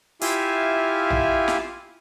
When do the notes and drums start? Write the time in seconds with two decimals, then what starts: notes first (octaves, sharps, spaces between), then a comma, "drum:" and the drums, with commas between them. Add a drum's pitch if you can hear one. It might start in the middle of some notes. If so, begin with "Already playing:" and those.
0.21 E4 F4 G4 E5 F5 G#5, drum: hi-hat
1.10 drum: tom A#1
1.48 drum: snare